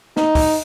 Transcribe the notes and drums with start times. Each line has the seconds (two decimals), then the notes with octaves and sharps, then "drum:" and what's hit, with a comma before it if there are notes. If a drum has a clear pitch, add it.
0.17 D#4, drum: snare
0.35 drum: kick C2, open hi-hat